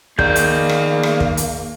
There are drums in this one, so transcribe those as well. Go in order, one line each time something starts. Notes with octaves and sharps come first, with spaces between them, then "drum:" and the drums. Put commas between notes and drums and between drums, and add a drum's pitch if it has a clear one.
D#3 A#3 G#4 D5 G6, drum: kick
drum: hi-hat
drum: rim click
drum: rim click
drum: kick
drum: hi-hat